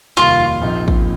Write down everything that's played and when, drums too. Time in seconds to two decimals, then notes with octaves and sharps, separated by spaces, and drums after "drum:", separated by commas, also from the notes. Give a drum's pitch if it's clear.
0.17 F1 D#2 D#3 G3 A#3 F4
0.61 A#1 A#2 F3 C4 D#4
0.88 drum: kick